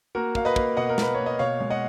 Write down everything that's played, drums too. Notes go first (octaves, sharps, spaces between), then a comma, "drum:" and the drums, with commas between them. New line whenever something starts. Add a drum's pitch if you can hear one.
A#3 F#4 A#4
A#3 F5, drum: kick
B4 D#5
A#3, drum: kick
B2 D#5 F#5
A#4
A#3 B4, drum: snare
A#3 C#5
D#5
B2 C#5 F5
G#3
D#5 F#5